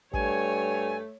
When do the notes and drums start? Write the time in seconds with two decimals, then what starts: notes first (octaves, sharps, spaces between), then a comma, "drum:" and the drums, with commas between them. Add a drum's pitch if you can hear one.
0.13 G2 A3 C#5 G#5, drum: kick